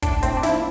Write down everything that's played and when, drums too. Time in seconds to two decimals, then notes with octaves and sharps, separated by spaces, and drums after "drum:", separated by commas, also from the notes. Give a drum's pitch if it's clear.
0.02 A2 D4, drum: kick, hi-hat
0.23 A2 C4, drum: hi-hat
0.37 D4
0.43 F3 E4, drum: snare